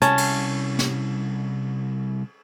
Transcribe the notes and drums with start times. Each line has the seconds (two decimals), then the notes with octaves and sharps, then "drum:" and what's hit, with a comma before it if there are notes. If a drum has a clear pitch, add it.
0.02 C2 C#4 A5, drum: hi-hat
0.18 drum: cymbal
0.79 drum: snare